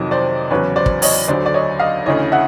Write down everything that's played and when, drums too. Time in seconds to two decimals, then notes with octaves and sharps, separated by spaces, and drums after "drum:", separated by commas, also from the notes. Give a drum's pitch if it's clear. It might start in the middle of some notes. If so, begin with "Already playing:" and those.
Already playing: F2 C3 D#3 F#3 D#5
0.11 C5 D5
0.51 E2 C#3 F#3 B4 C#5
0.76 C5 D5
0.86 drum: kick
1.02 C#5 D#5, drum: open hi-hat
1.28 D2 D3 F#3 C5 D5
1.46 D5
1.54 C#5 D#5
1.80 D#5 F5
2.06 D2 C#3 E3 C#5 D#5
2.32 E5 F#5